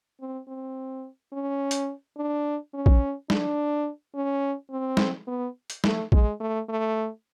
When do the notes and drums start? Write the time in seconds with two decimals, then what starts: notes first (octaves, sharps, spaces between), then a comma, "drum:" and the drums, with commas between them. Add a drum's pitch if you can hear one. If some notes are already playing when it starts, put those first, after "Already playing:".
0.20 C4
0.48 C4
1.33 C#4
1.71 drum: hi-hat
2.17 D4
2.74 C#4
2.86 drum: kick A#1
3.30 D4, drum: snare
4.15 C#4
4.71 C4
4.97 drum: snare
5.27 B3
5.70 drum: hi-hat
5.84 A3, drum: snare
6.12 G#3, drum: kick A#1
6.40 A3
6.69 A3